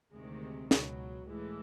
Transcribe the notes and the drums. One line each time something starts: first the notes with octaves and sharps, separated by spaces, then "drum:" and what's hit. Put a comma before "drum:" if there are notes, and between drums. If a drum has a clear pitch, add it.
D2 C3 D#3 G#3
C#2 B2 F#3, drum: snare
A2 E3 G#3